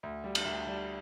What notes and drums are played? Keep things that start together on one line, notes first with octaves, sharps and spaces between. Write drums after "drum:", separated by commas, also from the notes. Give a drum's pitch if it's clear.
D2
G3
drum: cymbal
D2
G3